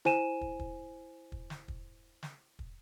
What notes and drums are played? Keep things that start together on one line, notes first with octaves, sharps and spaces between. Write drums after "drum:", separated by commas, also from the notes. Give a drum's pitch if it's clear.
E4 C5 G#5 D#7 E7, drum: snare
drum: kick
drum: kick
drum: kick
drum: snare
drum: kick
drum: snare
drum: kick